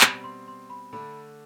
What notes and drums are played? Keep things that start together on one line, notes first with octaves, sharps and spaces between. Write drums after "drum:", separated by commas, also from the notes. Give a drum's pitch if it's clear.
B2 G3 C4 B5, drum: clap
C6
C6
B5
D3 A3 D4 B5